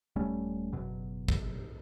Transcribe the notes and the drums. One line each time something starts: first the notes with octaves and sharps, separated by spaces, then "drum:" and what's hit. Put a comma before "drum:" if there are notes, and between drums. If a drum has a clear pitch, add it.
D#1 G3 A3 C#4
F#1 E2 B2 F#3
drum: kick